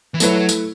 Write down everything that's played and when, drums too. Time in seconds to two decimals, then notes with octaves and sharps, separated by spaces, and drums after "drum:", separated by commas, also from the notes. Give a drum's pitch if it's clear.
0.14 E3
0.20 F#3 A3 E4 B4, drum: tambourine
0.49 drum: tambourine